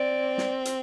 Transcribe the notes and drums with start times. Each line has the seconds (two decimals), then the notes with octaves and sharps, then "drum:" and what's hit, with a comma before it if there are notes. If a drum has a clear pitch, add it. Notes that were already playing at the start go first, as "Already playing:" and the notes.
Already playing: C4 D5
0.38 drum: snare
0.65 drum: hi-hat